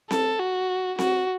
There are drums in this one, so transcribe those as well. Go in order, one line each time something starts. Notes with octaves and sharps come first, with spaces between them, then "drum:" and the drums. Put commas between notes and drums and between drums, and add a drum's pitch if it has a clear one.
A4, drum: snare C4
F#4
F#4, drum: snare C4